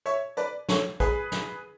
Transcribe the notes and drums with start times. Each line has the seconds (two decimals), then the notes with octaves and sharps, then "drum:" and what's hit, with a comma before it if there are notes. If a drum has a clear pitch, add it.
0.06 C#5 E5, drum: hi-hat
0.37 B4 D5, drum: hi-hat
0.69 A4 C#5, drum: snare
1.00 G#4 B4, drum: kick A#1, hi-hat
1.32 drum: snare